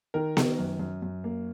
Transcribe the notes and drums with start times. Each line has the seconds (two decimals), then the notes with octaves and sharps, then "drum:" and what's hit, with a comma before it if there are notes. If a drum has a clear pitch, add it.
0.14 D#3 A#4
0.37 D#3, drum: snare B3
0.59 F#2
0.79 F#2
1.02 F#2
1.24 A#3